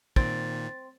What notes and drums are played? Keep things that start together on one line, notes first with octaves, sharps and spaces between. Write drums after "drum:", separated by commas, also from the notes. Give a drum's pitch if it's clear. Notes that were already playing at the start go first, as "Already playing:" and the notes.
A#2 D#3 C4 A6, drum: kick